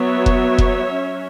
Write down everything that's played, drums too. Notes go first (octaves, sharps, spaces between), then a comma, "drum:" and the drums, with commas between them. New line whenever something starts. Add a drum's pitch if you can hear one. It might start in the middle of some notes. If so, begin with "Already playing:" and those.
Already playing: F#3 B3 C#5 E5
drum: kick F1
drum: kick F1
F#3 C#4